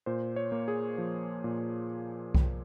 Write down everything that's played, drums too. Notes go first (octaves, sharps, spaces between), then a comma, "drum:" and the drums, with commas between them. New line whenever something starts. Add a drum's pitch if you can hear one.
A#2 C5
C#5
A#3
G#4
F3
A#2
drum: kick B1